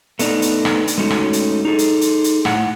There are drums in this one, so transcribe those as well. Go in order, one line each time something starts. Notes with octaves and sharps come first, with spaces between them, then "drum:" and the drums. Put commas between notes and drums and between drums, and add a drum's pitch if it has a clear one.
A3 B3 D4 D#4, drum: hi-hat
drum: hi-hat
drum: rim click
drum: hi-hat
G#3 A3 C#4 D#4 F#4
drum: rim click
drum: hi-hat
D#4 G#4 A4
drum: hi-hat
drum: hi-hat
drum: hi-hat
A2 F#5, drum: rim click